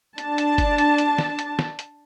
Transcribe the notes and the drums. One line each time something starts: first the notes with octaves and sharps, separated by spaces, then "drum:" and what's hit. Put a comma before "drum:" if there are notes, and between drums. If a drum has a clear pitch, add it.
D4 A5, drum: hi-hat
drum: hi-hat
drum: kick G1, hi-hat
drum: hi-hat
drum: hi-hat
drum: snare
drum: hi-hat
drum: snare
drum: hi-hat